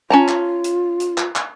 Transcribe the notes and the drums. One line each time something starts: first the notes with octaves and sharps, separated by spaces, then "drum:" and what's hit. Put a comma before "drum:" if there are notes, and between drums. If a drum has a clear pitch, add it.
C#4 F4 A5 A#5
drum: clap
drum: hi-hat
drum: hi-hat
drum: clap
drum: clap